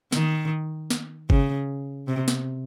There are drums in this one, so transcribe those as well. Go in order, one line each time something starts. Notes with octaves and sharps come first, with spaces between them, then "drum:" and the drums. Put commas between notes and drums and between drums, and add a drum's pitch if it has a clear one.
D#3, drum: snare
drum: snare
C#3, drum: kick G1
C3
drum: snare